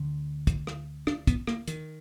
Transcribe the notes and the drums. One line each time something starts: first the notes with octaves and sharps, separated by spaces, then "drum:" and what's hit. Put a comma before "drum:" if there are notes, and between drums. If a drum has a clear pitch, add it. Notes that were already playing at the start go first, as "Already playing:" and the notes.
Already playing: D2 D3
drum: kick, hi-hat
drum: rim click
D4, drum: rim click
B3, drum: kick, hi-hat
A#3, drum: rim click
D#3, drum: hi-hat